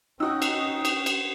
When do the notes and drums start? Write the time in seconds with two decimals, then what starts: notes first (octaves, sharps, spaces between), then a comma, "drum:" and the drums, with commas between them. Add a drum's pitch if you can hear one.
0.20 C#4 D#4 F#4 G5 D#6 E6
0.42 drum: cymbal
0.85 drum: cymbal
1.06 drum: cymbal